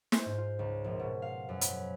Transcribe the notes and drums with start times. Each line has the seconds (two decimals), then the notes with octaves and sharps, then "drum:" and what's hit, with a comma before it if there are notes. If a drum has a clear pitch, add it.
0.12 C5, drum: snare
0.25 G#2
0.38 F4
0.59 C#2
0.84 A#1
1.00 B2
1.22 F5
1.49 F#2
1.61 B5, drum: hi-hat